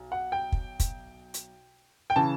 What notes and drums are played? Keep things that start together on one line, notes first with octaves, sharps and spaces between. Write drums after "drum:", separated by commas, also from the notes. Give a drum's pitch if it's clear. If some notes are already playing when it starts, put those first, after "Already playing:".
Already playing: B1
F#5
G5
drum: kick
drum: kick, hi-hat
drum: hi-hat
G5
C#3 E3 A5